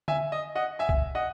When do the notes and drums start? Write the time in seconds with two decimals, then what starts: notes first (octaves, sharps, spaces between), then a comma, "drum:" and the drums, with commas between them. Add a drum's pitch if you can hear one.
0.08 E5 G#5, drum: tom
0.32 D#5
0.55 D#5 F#5
0.79 E5 G#5
0.89 drum: kick
1.15 D#5 F#5